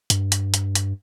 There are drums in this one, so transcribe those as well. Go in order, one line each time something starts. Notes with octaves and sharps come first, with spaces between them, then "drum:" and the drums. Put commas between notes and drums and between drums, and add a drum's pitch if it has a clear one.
G2, drum: hi-hat
drum: hi-hat
drum: hi-hat
drum: hi-hat